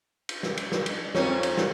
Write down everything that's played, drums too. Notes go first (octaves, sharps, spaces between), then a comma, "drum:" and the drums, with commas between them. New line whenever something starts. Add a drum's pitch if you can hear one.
drum: cymbal
drum: snare
drum: cymbal
drum: snare
drum: cymbal
F2 C#4 D#4, drum: snare
drum: cymbal
drum: snare